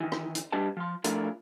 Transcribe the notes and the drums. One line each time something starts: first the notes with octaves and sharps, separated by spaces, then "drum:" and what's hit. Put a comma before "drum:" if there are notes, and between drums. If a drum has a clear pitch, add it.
D#3 E3
drum: rim click
drum: hi-hat
G3 D4 G4 B4 D#5 A5
F3 C6
F3 A3 D4 E4 F4 A#4, drum: hi-hat